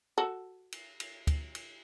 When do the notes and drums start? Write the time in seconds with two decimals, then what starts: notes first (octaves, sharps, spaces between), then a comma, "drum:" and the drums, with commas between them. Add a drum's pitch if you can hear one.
0.18 F#4 A4
0.72 drum: cymbal
1.00 drum: cymbal
1.27 drum: kick, cymbal
1.55 drum: cymbal